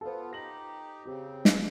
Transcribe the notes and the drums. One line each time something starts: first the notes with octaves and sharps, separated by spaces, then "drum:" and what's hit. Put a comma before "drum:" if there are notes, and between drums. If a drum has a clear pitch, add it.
B3 F4 A4 C5
D#4 G4 A#6 F#7
C#3 C4 G4
drum: snare